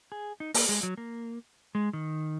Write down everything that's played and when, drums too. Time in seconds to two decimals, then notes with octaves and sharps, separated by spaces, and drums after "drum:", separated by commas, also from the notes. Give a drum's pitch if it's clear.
0.12 G#4
0.40 D#4
0.54 A#3, drum: open hi-hat
0.69 G#3
0.83 F#3
0.98 A#3
1.75 G#3
1.93 D#3